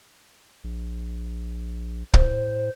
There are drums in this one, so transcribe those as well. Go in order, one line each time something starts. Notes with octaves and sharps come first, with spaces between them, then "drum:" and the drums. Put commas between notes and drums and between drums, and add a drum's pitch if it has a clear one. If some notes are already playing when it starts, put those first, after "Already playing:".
A#1
A2 C5, drum: kick